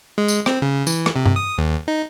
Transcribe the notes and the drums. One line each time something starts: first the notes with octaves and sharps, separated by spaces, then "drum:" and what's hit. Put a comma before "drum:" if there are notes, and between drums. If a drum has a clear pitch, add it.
G#3
drum: tambourine
C4, drum: rim click
C#3
E3, drum: tambourine
drum: rim click
C3
drum: tom G2
D#6
D#2
D#4